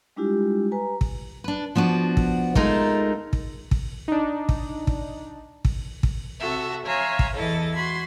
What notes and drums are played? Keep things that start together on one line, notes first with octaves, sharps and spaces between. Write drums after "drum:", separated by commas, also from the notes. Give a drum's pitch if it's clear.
G3 G#3 D4 E4 F4 G4
B4 G#5 A#5
drum: kick
D4 B4
F3 B3 D4 F#4
drum: kick
G#3 A3 D#4 F4 A#4, drum: kick
drum: kick
drum: kick
D4 D#4
drum: kick
drum: kick
drum: kick
drum: kick
C3 F#4 A4 E5
C#5 E5 F5 G#5 A#5 C6
drum: kick
E2 E3 E4 A4 D#5 A6
F#4 B5 C6 G#6